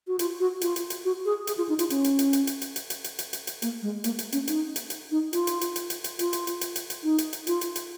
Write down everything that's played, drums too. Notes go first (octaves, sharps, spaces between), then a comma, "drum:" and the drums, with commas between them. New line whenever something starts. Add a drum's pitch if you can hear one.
F#4
F4, drum: hi-hat
F#4
F4, drum: hi-hat
drum: hi-hat
drum: hi-hat
F#4
G#4
G#4, drum: hi-hat
F4
D#4
F4, drum: hi-hat
C#4, drum: hi-hat
drum: hi-hat
drum: hi-hat
drum: hi-hat
drum: hi-hat
drum: hi-hat
drum: hi-hat
drum: hi-hat
drum: hi-hat
drum: hi-hat
drum: hi-hat
drum: hi-hat
A#3, drum: hi-hat
G#3
A#3, drum: hi-hat
drum: hi-hat
C#4, drum: hi-hat
D#4, drum: hi-hat
drum: hi-hat
drum: hi-hat
D#4
F4, drum: hi-hat
drum: hi-hat
drum: hi-hat
drum: hi-hat
drum: hi-hat
drum: hi-hat
F4, drum: hi-hat
drum: hi-hat
drum: hi-hat
drum: hi-hat
drum: hi-hat
drum: hi-hat
D#4
drum: hi-hat
drum: hi-hat
F4, drum: hi-hat
drum: hi-hat
drum: hi-hat